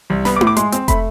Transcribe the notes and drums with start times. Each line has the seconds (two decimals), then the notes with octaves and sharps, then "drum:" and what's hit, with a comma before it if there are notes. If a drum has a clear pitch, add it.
0.10 C2
0.25 B3 B5, drum: snare
0.36 D6
0.41 A2, drum: tom E4
0.47 D6
0.57 G#3 C6, drum: hi-hat
0.72 C4, drum: hi-hat
0.88 A3 B5, drum: kick, hi-hat